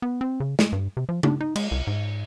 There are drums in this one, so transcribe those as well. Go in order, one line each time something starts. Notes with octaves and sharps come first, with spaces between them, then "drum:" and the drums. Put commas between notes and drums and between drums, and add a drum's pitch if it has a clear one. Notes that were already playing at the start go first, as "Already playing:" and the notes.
B3
C4
C#3
G#3, drum: snare
G2
C3
F3
D4, drum: tom C#3
D#4
G#3, drum: cymbal
C2
G#2